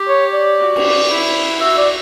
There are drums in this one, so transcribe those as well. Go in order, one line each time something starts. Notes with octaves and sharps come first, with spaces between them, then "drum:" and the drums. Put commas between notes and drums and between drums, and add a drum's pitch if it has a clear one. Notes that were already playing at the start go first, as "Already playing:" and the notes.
Already playing: G4
C#5
D5
F#4
drum: cymbal
E4
F#4 E5
D5